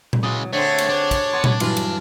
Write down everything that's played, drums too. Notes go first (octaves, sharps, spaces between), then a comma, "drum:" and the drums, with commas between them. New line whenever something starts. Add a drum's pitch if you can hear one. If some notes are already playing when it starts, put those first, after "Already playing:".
drum: tom A#2
C#3 E3 F#3 G#3 D#6 A6
D2 D3 A3 C4 G#4 C#5
drum: cymbal
D4 C5
drum: kick, cymbal
B3 C6 A6 C#7
drum: tom A#2
G2 E3 F#3 F4, drum: cymbal
drum: cymbal